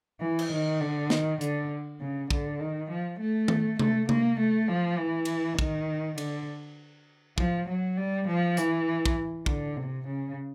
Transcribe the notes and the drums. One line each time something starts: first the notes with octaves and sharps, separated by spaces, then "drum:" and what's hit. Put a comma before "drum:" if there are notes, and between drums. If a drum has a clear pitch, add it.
E3
drum: cymbal
D#3
D3
D#3, drum: snare
D3, drum: hi-hat
C#3
D3, drum: kick
D#3
F3
A3
drum: tom D#3
A3, drum: tom C3
A#3, drum: tom C3
A3
F3
E3
drum: cymbal
D#3, drum: kick
D3, drum: cymbal
F3, drum: kick
F#3
G3
F3
E3, drum: hi-hat
drum: kick
D3, drum: kick
C3
C#3